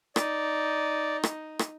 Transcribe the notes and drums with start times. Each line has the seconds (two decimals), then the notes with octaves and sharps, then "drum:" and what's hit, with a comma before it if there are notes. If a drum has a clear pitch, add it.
0.16 D#4 D5, drum: rim click
1.23 drum: rim click
1.59 drum: rim click